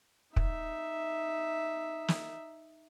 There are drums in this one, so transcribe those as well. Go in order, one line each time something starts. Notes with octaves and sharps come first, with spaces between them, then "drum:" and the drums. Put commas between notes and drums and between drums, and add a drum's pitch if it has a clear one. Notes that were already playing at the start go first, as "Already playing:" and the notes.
D#4 E5, drum: kick
drum: snare